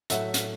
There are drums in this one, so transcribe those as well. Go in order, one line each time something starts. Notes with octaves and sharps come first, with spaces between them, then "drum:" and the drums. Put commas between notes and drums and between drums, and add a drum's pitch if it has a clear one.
A2 F#3 A3 E5 F#5, drum: hi-hat
drum: hi-hat